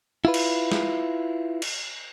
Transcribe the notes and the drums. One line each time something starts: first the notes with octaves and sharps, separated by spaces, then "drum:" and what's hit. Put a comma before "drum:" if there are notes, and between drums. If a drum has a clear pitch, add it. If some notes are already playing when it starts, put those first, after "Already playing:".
E4 F4 B4
drum: cymbal
drum: snare
drum: cymbal